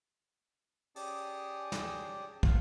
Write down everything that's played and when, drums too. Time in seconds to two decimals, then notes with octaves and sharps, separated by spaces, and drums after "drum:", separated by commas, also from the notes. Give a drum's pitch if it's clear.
0.96 C#4 G4 G#4 D5 A5 D#6, drum: open hi-hat
1.72 drum: snare
2.43 F4 C#5 F5 F#5, drum: kick